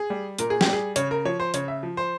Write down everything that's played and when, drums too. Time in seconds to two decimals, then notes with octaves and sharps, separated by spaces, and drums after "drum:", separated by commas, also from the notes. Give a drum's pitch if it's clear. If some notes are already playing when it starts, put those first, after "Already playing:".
Already playing: G#4
0.10 G3
0.39 A#2 A#4, drum: hi-hat
0.50 G#4
0.61 G4, drum: snare
0.67 G3
0.73 G#4
0.96 C#3 C#5, drum: hi-hat
1.11 A#4
1.25 F3 C#5
1.40 C5
1.54 C#3 C#5, drum: hi-hat
1.68 E5
1.83 F3
1.97 C5